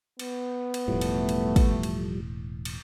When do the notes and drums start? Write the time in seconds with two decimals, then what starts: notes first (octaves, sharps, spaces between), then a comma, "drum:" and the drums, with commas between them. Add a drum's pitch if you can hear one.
0.19 B3, drum: cymbal
0.74 drum: cymbal
0.88 E1 A2 F3 G3 A3
1.01 drum: cymbal
1.29 drum: cymbal
1.56 drum: kick, cymbal
1.83 drum: cymbal
2.65 drum: cymbal